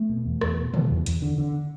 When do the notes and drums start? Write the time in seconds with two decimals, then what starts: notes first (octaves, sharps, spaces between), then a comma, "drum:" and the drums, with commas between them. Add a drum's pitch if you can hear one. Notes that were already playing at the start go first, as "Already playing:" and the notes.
Already playing: A3
0.09 B2
0.25 E2
0.41 E2, drum: rim click
0.57 B2
0.74 B2, drum: tom
0.90 E2
1.06 E2, drum: hi-hat
1.22 D3
1.38 D3